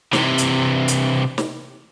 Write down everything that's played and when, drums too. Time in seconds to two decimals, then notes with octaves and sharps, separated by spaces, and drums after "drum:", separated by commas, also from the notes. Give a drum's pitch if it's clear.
0.13 C3 E3, drum: snare
0.38 drum: hi-hat
0.88 drum: hi-hat
1.38 drum: snare